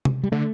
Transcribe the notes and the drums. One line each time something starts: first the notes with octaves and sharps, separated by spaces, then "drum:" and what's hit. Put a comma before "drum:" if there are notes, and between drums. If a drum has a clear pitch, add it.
drum: tom C3
G3
D3 A3